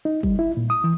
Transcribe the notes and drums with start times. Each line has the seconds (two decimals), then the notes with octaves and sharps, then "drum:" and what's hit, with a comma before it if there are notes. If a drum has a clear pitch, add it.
0.05 D#4
0.23 G3, drum: kick
0.39 E4
0.57 A#2
0.70 D#6
0.84 E3